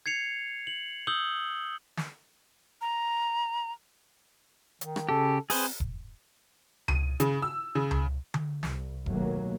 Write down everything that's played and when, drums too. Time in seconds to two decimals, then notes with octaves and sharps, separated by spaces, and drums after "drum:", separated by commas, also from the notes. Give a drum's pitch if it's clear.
0.06 G#6 C7 C#7 F7
0.67 F#7
1.07 D#6 E6 G6 F#7 G7
1.97 drum: snare
2.81 A#5
4.81 D#3, drum: hi-hat
4.96 drum: rim click
5.09 C#3 G4 A4
5.50 C4 G#4 B4 C5, drum: open hi-hat
5.80 drum: kick E1
6.88 D#7, drum: tom C#2
7.20 C#3, drum: hi-hat
7.42 E6
7.75 C#3
7.91 drum: tom C#2
8.34 drum: tom D3
8.63 C2, drum: snare
9.06 D#2 B2 F#3 A3 A#3, drum: kick E1